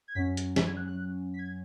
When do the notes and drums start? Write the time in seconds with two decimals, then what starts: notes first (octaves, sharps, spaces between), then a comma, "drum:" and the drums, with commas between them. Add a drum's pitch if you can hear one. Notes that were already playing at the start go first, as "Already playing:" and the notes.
0.08 G#6
0.15 F#2 F#3 C#4 B6
0.37 drum: hi-hat
0.56 B6, drum: snare
0.67 G#6
0.77 F#6
0.88 F#6
1.34 B6
1.39 G#6